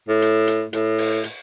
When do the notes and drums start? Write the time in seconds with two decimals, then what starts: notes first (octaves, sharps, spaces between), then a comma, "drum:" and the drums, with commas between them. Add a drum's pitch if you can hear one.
0.09 A2
0.22 drum: hi-hat
0.47 drum: hi-hat
0.73 A2, drum: hi-hat
0.98 drum: open hi-hat
1.24 drum: hi-hat